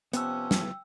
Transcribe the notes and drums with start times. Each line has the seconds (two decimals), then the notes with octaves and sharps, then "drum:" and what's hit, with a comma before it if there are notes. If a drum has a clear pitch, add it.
0.13 C3 F3 B3 C#4 G5 E6, drum: hi-hat
0.51 drum: snare